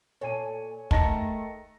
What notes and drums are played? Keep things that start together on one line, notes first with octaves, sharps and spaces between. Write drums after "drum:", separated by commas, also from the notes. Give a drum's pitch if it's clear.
A#2 A4 C#5 G#5 D#7
D#3 A3 G#4 A5 A#6 C#7, drum: kick